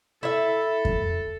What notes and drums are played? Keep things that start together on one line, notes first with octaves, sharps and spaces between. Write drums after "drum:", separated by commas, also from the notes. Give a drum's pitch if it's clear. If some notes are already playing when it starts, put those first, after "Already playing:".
E4 A4 E5
drum: kick F2